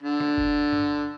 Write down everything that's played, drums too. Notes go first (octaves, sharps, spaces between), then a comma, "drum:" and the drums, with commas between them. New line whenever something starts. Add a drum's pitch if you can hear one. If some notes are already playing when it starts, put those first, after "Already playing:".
D3
drum: snare
drum: kick F#1
drum: tom G2